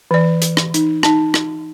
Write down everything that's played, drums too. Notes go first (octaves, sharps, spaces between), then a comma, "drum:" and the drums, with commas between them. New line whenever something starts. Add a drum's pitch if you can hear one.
E3 D5
drum: hi-hat
drum: rim click
D#4, drum: hi-hat
D#4 A5, drum: rim click
drum: rim click